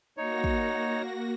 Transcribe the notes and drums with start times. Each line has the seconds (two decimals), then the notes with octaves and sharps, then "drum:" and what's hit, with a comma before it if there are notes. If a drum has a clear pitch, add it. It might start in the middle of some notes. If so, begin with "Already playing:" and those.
0.17 A#3 D#4 F#4 C#5 A#6
0.44 drum: kick